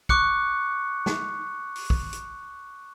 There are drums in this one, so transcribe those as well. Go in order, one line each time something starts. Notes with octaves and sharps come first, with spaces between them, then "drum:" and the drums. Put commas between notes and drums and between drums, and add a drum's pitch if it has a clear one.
C#6 D6 F#6 C#7, drum: kick B1
drum: snare
drum: open hi-hat
drum: kick B1
drum: hi-hat